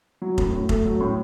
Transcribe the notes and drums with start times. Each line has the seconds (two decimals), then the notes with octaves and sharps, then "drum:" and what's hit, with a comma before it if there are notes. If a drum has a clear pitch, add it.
0.22 F#3
0.38 A2, drum: kick F1
0.53 A2
0.69 A3, drum: kick F1
0.85 F#3
1.01 A2